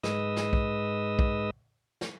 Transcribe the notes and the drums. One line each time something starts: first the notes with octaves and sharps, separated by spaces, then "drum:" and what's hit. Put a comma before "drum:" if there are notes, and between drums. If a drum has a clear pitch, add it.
G#2 G#3 B4 D#5 D#6 E6, drum: snare
drum: snare
drum: kick B1
drum: kick B1
drum: snare